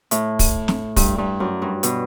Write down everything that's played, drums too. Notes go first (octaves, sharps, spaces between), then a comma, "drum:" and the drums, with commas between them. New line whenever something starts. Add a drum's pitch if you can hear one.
A2, drum: hi-hat
drum: kick, open hi-hat
drum: snare
G2, drum: kick, open hi-hat
G2
F#2
G2
B2, drum: hi-hat